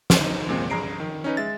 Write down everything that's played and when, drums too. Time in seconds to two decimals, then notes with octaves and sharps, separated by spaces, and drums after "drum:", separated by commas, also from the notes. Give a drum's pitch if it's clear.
0.10 drum: snare
0.21 D#4
0.49 A#2 G#3 C4
0.70 G2 G#4 A#5 C7 D7
1.00 D#3
1.24 C#4 D#4 B4
1.37 G#3 E5 A6